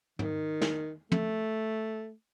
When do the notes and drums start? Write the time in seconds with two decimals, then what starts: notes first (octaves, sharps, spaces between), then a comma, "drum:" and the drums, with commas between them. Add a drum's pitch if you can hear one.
0.19 D#3, drum: tom
0.61 drum: snare
1.12 A3, drum: tom